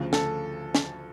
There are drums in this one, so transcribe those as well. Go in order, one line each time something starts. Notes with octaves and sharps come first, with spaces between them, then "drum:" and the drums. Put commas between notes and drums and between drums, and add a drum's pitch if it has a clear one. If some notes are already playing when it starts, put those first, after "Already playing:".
Already playing: D2 C#3 F3
A4, drum: snare
drum: snare